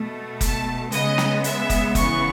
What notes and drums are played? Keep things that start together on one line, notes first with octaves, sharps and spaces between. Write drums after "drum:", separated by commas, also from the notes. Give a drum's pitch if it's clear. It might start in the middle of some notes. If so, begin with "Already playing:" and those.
Already playing: B2 A3
A5, drum: kick F1, hi-hat
C#3 G#3 B3 D#5, drum: hi-hat
drum: snare
E5, drum: hi-hat
drum: kick F1, hi-hat
C#3 E3 B3 C#6, drum: kick F1, hi-hat